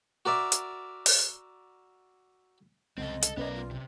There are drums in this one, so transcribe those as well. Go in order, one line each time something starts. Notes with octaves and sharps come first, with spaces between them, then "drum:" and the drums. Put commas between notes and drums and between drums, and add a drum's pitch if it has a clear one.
F#4 A#4 D5 E5
drum: hi-hat
drum: open hi-hat
C2 C#3 G#3 C4 A4 D#5
A4, drum: hi-hat
B1 B3 C#4 A#4 B4 D5
F4
C3